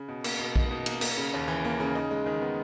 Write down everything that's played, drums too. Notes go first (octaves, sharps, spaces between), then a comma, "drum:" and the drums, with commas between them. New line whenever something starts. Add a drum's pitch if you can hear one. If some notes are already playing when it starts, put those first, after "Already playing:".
Already playing: C#3
B2
A#3, drum: cymbal
B2
D#4, drum: kick A#1
B2
A#3, drum: cymbal
A#3, drum: cymbal
C#3
D#2
E3
A#3
C#3
D#4
G#3
D#3
B3